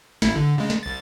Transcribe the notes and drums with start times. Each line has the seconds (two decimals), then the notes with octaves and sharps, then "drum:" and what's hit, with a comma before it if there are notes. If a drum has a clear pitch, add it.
0.22 A1 E4, drum: snare
0.36 D3
0.58 C#3 G#3
0.70 drum: snare
0.83 C2 A6